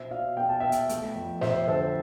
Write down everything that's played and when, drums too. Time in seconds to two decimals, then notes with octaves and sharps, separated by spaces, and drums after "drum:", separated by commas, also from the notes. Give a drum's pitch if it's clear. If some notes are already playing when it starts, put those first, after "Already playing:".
Already playing: B2 C5 E5
0.11 B2 D5 F5
0.37 B3 G5
0.49 A5
0.60 B3 E5 G5
0.72 drum: hi-hat
0.89 A3, drum: hi-hat
1.15 F2
1.41 F2 C5 E5, drum: snare
1.68 D3 A4 C5